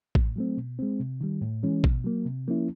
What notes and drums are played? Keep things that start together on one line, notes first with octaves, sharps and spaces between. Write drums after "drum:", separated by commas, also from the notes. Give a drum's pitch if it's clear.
A2, drum: kick A1
F#3 A3 C4
B2
G#3 C4
C3
D#3 G3
A2
E3 G#3 C#4
B2, drum: kick A1
F#3 A#3
C3
F3 A#3 C#4 E4